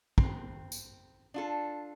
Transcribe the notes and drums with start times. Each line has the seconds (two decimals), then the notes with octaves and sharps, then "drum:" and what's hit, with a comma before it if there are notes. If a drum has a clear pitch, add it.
0.18 C4, drum: kick
0.72 drum: tambourine
1.34 D4 F4 A4